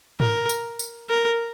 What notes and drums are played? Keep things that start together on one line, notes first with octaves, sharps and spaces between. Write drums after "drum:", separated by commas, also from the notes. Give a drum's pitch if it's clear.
A#4, drum: tom G#2
drum: tambourine
drum: tambourine
A#4